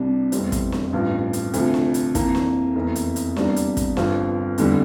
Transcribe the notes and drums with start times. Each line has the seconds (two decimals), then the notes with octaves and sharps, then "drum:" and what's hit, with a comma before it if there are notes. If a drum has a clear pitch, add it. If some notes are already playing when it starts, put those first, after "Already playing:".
Already playing: C2 C3 G3 D4
0.32 F1 E2 C3 G3 C4, drum: hi-hat
0.52 drum: kick, hi-hat
0.72 drum: snare
0.93 A1 G2 F3
1.33 drum: hi-hat
1.54 D2 C3 F3, drum: hi-hat
1.74 drum: snare
1.94 drum: hi-hat
2.15 F2 E3 A#3, drum: kick, hi-hat
2.35 drum: snare
2.75 F1 E2 E3 A#3
2.96 drum: hi-hat
3.16 drum: hi-hat
3.36 E2 C3 G3 A#3 D4, drum: snare
3.56 drum: hi-hat
3.77 drum: kick, hi-hat
3.97 G1 G2 F3 C4, drum: snare
4.58 F1 E2 D3 G3, drum: hi-hat